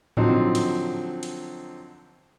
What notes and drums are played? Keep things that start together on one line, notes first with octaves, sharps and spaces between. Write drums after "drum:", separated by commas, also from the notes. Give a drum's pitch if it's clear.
D3 F3 F#3 C4 D#4, drum: tom G#2
drum: hi-hat
drum: hi-hat